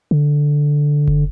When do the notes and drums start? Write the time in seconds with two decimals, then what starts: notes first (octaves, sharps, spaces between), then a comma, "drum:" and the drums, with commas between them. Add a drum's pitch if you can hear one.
0.11 D3
1.08 drum: kick F#1